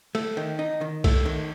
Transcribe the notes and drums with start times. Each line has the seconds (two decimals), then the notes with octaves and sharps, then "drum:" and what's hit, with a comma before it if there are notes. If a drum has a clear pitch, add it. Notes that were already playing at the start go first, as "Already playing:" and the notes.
0.15 A3, drum: cymbal
0.37 D#3
0.59 D#4
0.81 D#3
1.04 A3, drum: kick B1, cymbal
1.26 D#3